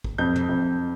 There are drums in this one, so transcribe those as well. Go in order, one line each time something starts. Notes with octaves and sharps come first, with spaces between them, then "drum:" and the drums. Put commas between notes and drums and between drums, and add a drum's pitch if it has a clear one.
drum: kick
F2 G6
drum: tom
F2